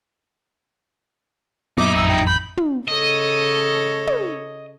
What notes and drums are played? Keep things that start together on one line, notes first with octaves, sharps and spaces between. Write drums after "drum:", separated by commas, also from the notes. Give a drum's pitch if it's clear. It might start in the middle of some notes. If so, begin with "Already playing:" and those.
F#2 A#2 F#3 A#3 B3 D#4 E4 D6
A1 F2 E6
G5
B5 G6
drum: tom
C#3 A4 C#5 D#5
drum: tom